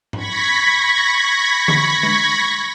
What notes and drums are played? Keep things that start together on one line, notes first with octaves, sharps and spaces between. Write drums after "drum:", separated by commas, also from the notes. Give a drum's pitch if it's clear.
B5 C#6 G#6 A#6 B6, drum: tom G#2
drum: tom D3
drum: tom G#3